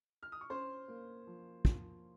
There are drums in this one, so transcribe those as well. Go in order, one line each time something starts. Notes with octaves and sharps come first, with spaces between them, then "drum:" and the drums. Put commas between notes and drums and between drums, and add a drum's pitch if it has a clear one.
F6
D#6
C#6
C#4 C5 C6
A#3
F3
F3, drum: kick